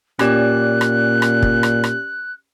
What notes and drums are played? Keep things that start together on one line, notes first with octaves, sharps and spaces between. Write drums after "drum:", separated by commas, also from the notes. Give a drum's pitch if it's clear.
A#2 C#4 G4 D5 F#6, drum: rim click
drum: rim click
drum: rim click
drum: kick
drum: rim click
drum: rim click